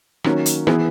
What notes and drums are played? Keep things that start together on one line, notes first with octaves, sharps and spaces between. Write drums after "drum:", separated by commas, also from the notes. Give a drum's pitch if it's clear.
D#3 F#3 A#3 C#4 F#4, drum: rim click
drum: hi-hat
E3 B3 E4 G#4 B4, drum: rim click